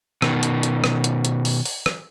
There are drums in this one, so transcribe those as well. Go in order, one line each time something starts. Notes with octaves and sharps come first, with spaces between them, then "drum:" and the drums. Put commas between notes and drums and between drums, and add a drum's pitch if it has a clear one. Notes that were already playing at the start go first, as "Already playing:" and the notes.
B2 D#3, drum: rim click
drum: hi-hat
drum: hi-hat
drum: rim click
drum: hi-hat
drum: hi-hat
drum: open hi-hat
drum: open hi-hat
drum: rim click